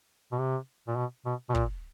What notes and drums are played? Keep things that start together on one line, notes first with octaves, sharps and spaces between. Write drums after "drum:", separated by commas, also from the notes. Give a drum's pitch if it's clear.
B2
C3
A#2
B2
B2
B2
A#2, drum: kick